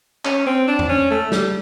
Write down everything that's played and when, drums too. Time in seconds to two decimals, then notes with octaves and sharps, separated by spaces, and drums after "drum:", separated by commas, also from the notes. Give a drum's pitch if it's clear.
0.25 C#4, drum: clap
0.46 C4
0.68 D4
0.79 drum: tom E2
0.89 C#4
1.11 A3
1.32 G3, drum: snare